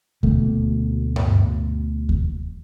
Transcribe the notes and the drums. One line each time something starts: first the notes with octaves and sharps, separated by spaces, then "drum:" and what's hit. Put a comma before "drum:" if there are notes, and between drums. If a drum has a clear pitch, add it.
D2 B2 A3 A#3, drum: kick D#2
drum: tom G2
drum: kick D#2